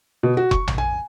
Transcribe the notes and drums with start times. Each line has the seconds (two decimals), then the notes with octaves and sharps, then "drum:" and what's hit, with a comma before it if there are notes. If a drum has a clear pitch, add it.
0.23 B2
0.37 F#4
0.51 C#6, drum: kick F1
0.67 drum: tom A#1
0.78 G#5